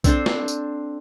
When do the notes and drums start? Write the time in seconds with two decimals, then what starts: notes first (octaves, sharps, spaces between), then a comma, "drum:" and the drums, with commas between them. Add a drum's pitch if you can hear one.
0.04 C4 D4 A4 C5, drum: kick B1, tambourine
0.26 drum: snare
0.48 drum: tambourine